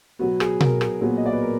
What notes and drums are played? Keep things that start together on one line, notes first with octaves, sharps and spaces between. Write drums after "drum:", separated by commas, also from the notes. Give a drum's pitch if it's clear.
B2 F#3 B3 F#4
G#4, drum: rim click
A#4, drum: tom B2
G#4, drum: rim click
A#2 F#3 B3 G#4
D#5
D5
B4
A#4